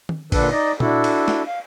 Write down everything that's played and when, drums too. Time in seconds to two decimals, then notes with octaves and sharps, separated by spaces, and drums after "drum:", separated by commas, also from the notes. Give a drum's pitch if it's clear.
0.09 drum: tom D#3
0.32 A#2 D3 D4 A4 B4, drum: kick, cymbal
0.51 D#4 D5 D#5
0.80 D4 E4 F#4 A4, drum: tom A#2
1.04 drum: cymbal
1.28 drum: snare
1.47 F5